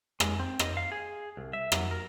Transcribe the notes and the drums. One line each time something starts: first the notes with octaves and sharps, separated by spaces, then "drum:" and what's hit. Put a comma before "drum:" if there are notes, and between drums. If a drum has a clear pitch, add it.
G#3, drum: rim click
C4
D#5, drum: rim click
F5
G#4
C2
E5
F#3, drum: rim click
A#4